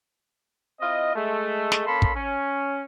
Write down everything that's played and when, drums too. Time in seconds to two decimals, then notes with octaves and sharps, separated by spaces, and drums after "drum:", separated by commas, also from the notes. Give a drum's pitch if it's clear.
0.81 C4 E4 F4 D#5
1.14 G#3 A3
1.72 drum: snare
1.86 A#3 C#4 A4 A5 B5 C6
2.02 drum: kick
2.15 C#4